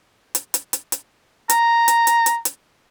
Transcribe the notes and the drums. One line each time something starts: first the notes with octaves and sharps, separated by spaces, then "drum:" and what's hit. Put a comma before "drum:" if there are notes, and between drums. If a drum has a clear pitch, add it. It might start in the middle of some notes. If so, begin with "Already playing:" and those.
drum: hi-hat
drum: hi-hat
drum: hi-hat
drum: hi-hat
A#5, drum: hi-hat
drum: hi-hat
drum: hi-hat
drum: hi-hat
drum: hi-hat